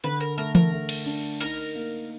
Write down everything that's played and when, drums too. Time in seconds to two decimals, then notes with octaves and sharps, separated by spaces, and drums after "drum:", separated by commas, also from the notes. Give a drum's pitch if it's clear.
0.04 D3 B4
0.20 A#4
0.37 A3 A#4
0.55 A#4, drum: tom E3
0.72 A3
0.89 drum: cymbal
1.06 D4
1.40 D#4 A#4
1.75 A#3